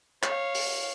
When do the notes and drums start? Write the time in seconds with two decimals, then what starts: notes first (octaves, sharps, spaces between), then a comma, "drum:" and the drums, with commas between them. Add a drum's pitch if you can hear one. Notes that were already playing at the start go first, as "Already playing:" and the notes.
0.23 C#5 F5, drum: clap
0.55 drum: open hi-hat